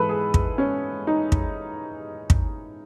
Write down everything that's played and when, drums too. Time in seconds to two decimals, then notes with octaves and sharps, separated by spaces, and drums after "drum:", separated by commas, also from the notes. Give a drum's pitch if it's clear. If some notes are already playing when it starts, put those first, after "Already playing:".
Already playing: G#2 E3 G#3 A4 B4
0.09 G#4
0.34 drum: kick
0.58 C#4
1.07 D#4
1.32 drum: kick
2.30 drum: kick